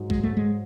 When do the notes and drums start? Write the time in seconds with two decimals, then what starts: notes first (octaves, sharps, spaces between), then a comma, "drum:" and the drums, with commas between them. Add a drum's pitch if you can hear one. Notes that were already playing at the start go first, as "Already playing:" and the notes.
Already playing: G#2 F#3
0.10 G#3, drum: kick B1
0.23 A3
0.37 G#3